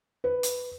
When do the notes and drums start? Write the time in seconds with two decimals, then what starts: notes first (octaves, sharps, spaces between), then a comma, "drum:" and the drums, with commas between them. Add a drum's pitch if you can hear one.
0.24 B4
0.43 drum: hi-hat